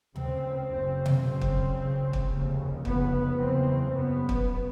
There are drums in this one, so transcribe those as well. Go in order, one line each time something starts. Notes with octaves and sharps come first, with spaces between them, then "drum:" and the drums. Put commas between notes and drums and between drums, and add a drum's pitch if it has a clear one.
C#2 C#3 C4, drum: tom D2
F#1 F#2 C#3 C4
drum: tom B2
F#1 F#2 C#3 C4
drum: kick
C#2 C#3
drum: kick
F1 D#2 C#3
F1 F2 C#3 B3, drum: kick
F#1 E2 C#3 C4
F#1 F#2 C#3 B3
drum: kick